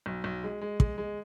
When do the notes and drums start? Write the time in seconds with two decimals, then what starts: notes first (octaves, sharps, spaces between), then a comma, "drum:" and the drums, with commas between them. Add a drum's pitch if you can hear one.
0.06 B1
0.24 B1
0.44 G#3
0.61 G#3
0.80 G#3, drum: kick
0.98 G#3